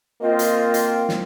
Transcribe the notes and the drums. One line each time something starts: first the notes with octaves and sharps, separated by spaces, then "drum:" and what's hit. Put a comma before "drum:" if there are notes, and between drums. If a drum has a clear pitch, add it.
A#3 C4 F4 D#5
drum: hi-hat
drum: hi-hat
drum: snare